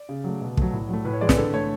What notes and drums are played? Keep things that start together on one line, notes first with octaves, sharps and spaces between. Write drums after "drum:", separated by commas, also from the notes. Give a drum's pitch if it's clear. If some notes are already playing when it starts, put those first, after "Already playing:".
Already playing: D5
C#3
F#3 A3
B2
F#3 A3, drum: kick
A2
F#3 A3
A2 B4
C#5
E3 G#3 D5
B4, drum: snare
D3 A4
A3 C#5